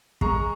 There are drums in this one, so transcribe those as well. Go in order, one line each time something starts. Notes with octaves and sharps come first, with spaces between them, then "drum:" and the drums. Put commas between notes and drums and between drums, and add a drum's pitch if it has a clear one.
G#3 A#5 C#6, drum: kick